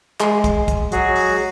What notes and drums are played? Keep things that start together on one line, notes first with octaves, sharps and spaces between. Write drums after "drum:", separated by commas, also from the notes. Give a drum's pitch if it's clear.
G#3, drum: clap
drum: kick, hi-hat
drum: kick, hi-hat
F#3 F#4 G#4, drum: hi-hat
drum: open hi-hat